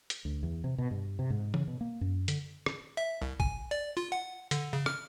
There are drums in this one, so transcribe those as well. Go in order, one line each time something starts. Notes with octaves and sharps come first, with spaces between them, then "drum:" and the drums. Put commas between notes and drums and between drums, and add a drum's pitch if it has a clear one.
drum: hi-hat
D2
E2
C3
B2
G2
C3
G#2
C#3, drum: tom
B2
A#3
F#2
D3, drum: hi-hat
drum: rim click
E5
C2
G#5, drum: kick
D5
F4
F#5
D3, drum: hi-hat
C#3
F6, drum: rim click